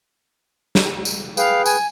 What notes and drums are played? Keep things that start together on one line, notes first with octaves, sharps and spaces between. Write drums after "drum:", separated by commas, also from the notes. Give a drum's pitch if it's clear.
drum: snare
drum: tambourine
G#4 B4 F5 G5, drum: tambourine
G#5, drum: tambourine